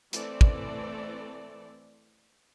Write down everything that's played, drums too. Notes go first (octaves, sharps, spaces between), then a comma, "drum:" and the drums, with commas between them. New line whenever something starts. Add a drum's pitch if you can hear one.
E3 A3 C4 A4 D5, drum: hi-hat
drum: kick